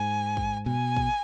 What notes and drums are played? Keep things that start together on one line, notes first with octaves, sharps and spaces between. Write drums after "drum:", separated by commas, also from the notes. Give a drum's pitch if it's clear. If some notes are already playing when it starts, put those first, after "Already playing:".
Already playing: G#2 G#5
drum: kick
B2 G#5
drum: kick